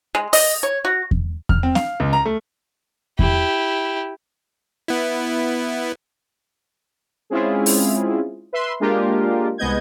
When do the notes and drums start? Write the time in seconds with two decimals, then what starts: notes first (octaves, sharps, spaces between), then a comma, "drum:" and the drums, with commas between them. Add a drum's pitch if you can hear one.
0.15 G#3
0.33 D#5, drum: open hi-hat
0.63 C#5
0.85 F#4
1.11 drum: kick E2
1.49 F6, drum: kick E2
1.63 C4
1.75 F5, drum: snare C4
2.00 C#2
2.13 A#5
2.26 A3
3.19 E4 G4, drum: kick E2
4.88 B3 E4
7.30 G#3 C4 C#4 E4 F4 G#4
7.66 drum: open hi-hat
8.53 B4 E5 C6
8.80 G#3 A#3 D4 F4 G4 A#4
9.58 C2 G#3 B3 D#5 G6 G#6